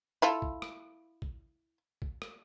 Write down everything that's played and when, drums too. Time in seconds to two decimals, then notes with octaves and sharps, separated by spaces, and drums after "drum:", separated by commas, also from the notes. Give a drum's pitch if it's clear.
0.22 E4 F4 A4
0.42 drum: kick A#1
0.62 drum: rim click
1.22 drum: kick A#1
2.02 drum: kick A#1
2.22 drum: rim click